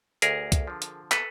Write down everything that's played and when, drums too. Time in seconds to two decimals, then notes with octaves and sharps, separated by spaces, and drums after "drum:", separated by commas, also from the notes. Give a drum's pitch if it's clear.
0.22 D2 G#4 A#4, drum: hi-hat
0.52 drum: kick C2, hi-hat
0.67 D3 F3
0.82 drum: hi-hat
1.11 A4 B4, drum: clap